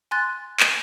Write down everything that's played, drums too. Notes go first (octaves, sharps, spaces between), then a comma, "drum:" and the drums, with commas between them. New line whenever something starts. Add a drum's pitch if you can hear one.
G#5 C6 F#6 A6
drum: clap